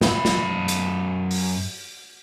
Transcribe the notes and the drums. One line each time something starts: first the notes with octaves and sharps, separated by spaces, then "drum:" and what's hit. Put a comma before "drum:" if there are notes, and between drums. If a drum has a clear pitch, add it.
F#2 B5, drum: snare
drum: snare
drum: hi-hat
drum: open hi-hat